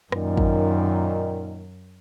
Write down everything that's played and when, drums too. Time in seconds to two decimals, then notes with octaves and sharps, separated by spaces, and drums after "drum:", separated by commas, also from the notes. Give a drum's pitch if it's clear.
0.12 F#2 A#2 D#3, drum: rim click
0.37 drum: kick